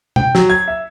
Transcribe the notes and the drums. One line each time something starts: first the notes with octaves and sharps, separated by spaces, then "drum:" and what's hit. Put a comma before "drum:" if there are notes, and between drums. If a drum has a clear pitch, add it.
G5, drum: tom B2
F#3, drum: snare
G#6
E5